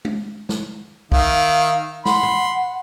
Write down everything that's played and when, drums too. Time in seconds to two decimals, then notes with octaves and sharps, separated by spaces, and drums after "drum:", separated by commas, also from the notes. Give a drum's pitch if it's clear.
0.05 drum: tom G#3
0.49 drum: snare
1.12 D#3 E5 F5, drum: kick
2.05 F#5 B5 C6, drum: snare
2.23 drum: tom G#2